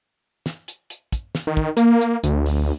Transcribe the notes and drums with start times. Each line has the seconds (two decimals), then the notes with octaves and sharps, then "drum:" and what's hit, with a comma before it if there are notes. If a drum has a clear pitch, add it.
0.46 drum: snare
0.68 drum: hi-hat
0.90 drum: hi-hat
1.12 drum: kick, hi-hat
1.35 drum: snare
1.47 D#3
1.57 drum: kick
1.77 A#3, drum: hi-hat
2.01 drum: hi-hat
2.24 D2, drum: hi-hat
2.46 drum: open hi-hat